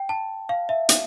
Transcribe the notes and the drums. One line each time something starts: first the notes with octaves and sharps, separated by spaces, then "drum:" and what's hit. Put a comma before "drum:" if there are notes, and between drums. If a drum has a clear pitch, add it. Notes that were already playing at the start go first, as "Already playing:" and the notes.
Already playing: G5
A5
F5
E5
drum: hi-hat